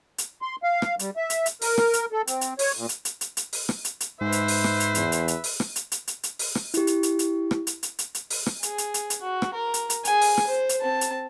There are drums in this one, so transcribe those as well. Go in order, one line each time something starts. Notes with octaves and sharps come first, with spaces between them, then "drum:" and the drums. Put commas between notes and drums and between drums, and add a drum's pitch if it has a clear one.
drum: hi-hat
C6
F5
drum: rim click
G3, drum: hi-hat
E5
drum: hi-hat
drum: hi-hat
A#4, drum: open hi-hat
drum: rim click
drum: hi-hat
A4
C4, drum: hi-hat
drum: hi-hat
C#5, drum: open hi-hat
A#2
drum: hi-hat
drum: hi-hat
drum: hi-hat
drum: hi-hat
drum: open hi-hat
drum: rim click
drum: hi-hat
drum: hi-hat
G#2 B4 C5 E5
drum: hi-hat
drum: open hi-hat
drum: rim click
drum: hi-hat
E2, drum: hi-hat
drum: hi-hat
drum: hi-hat
drum: open hi-hat
drum: rim click
drum: hi-hat
drum: hi-hat
drum: hi-hat
drum: hi-hat
drum: open hi-hat
drum: rim click
E4 G4, drum: hi-hat
drum: hi-hat
drum: hi-hat
drum: hi-hat
drum: rim click
drum: hi-hat
drum: hi-hat
drum: hi-hat
drum: hi-hat
drum: open hi-hat
drum: rim click
G#4, drum: hi-hat
drum: hi-hat
drum: hi-hat
drum: hi-hat
F#4
drum: rim click
A#4
drum: hi-hat
drum: hi-hat
G#4 G#5, drum: hi-hat
drum: open hi-hat
drum: rim click
C5
drum: hi-hat
C4 A5
drum: hi-hat